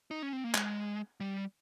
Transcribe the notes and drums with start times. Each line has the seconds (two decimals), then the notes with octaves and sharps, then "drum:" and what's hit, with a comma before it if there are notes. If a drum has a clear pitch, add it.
0.11 D#4
0.22 C#4
0.33 C4
0.44 A#3
0.54 G#3, drum: clap
1.20 G3